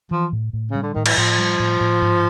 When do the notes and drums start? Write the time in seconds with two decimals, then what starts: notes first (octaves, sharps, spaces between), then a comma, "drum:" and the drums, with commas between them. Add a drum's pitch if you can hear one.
0.11 E3 F3
0.33 A2
0.53 A2
0.71 C#3 G3
0.83 D3
0.94 A2 D#3
1.06 E3, drum: cymbal
1.17 A2 F3
1.38 G3
1.60 A2
1.81 A2
2.02 G#2